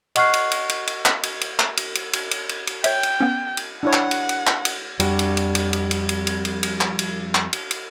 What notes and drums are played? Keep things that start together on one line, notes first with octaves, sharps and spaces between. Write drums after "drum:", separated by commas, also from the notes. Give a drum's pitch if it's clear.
D#5 F#5 C#6 F6 F#6 C7, drum: cymbal
drum: cymbal
drum: cymbal
drum: cymbal
drum: cymbal
drum: clap
drum: cymbal
drum: cymbal
drum: clap
drum: cymbal
drum: cymbal
drum: cymbal
drum: cymbal
drum: cymbal
drum: cymbal
C#5 E5 G5, drum: cymbal
drum: cymbal
B3 C#4
drum: cymbal
D4 E4 C#5 F#5
drum: clap
drum: cymbal
drum: cymbal
drum: clap
drum: cymbal
F2 G3 D4 F#4, drum: cymbal
drum: cymbal
drum: cymbal
drum: cymbal
drum: cymbal
drum: cymbal
drum: cymbal
drum: cymbal
drum: cymbal
drum: cymbal
drum: clap
drum: cymbal
drum: clap
drum: cymbal
drum: cymbal